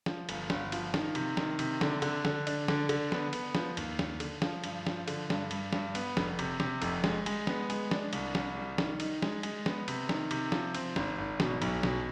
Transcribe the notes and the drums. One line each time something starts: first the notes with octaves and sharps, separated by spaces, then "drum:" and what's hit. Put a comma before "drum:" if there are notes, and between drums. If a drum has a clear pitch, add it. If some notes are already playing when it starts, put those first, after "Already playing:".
F3, drum: snare
G1, drum: cymbal
G1, drum: snare
F3, drum: cymbal
D#3, drum: snare
C3, drum: cymbal
D#3, drum: snare
C3, drum: cymbal
D3, drum: snare
D3, drum: cymbal
D3, drum: snare
D4, drum: cymbal
D3, drum: snare
D3, drum: cymbal
B3, drum: snare
B3, drum: cymbal
F3, drum: snare
D#2, drum: cymbal
D#2, drum: snare
D3, drum: cymbal
F3, drum: snare
G2, drum: cymbal
F3, drum: snare
D3, drum: cymbal
G2, drum: snare
G2, drum: cymbal
G2, drum: snare
B3, drum: cymbal
F1, drum: snare
C3, drum: cymbal
C3, drum: snare
F1, drum: cymbal
G#3, drum: snare
G#3, drum: cymbal
B3, drum: snare
G#3, drum: cymbal
D4, drum: snare
C2, drum: cymbal
C2, drum: snare
G3
D#3, drum: snare
D#4, drum: cymbal
G#3, drum: snare
G#3, drum: cymbal
B3, drum: snare
C3, drum: cymbal
D#3, drum: snare
C3, drum: cymbal
F3, drum: snare
C4, drum: cymbal
G#1, drum: snare
G#1
B2, drum: snare
B1, drum: cymbal
B2, drum: snare